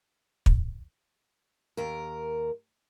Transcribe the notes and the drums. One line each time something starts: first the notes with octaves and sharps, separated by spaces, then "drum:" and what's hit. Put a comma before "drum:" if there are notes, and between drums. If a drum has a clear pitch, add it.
drum: kick
D#2 A#4